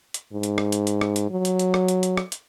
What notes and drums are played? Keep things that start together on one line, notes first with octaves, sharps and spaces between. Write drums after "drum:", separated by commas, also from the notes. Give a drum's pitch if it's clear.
drum: hi-hat
G#2
drum: hi-hat
drum: rim click
drum: hi-hat
drum: hi-hat
drum: rim click
drum: hi-hat
F#3
drum: hi-hat
drum: hi-hat
drum: rim click
drum: hi-hat
drum: hi-hat
drum: rim click
drum: hi-hat